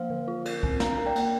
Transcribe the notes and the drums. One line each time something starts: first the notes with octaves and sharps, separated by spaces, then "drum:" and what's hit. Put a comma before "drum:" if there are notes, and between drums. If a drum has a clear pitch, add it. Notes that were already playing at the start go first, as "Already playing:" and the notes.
Already playing: F3 A#3 C5 F5
D3
F4
A#4, drum: cymbal
C4, drum: kick B1
D4 F5 A#5, drum: snare
A#4
D5 G5
A#3, drum: cymbal